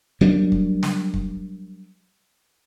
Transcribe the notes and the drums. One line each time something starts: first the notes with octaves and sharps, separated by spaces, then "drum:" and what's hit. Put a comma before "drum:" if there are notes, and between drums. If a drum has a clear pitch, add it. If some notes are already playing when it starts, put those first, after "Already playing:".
F#3 G3 A#3 D4
drum: kick
drum: snare
drum: kick